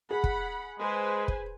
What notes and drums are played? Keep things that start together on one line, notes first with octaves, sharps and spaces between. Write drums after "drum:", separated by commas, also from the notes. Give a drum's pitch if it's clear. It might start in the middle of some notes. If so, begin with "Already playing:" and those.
G#4 F#5 B5
drum: kick
G#3 B4 C5 G#5
drum: kick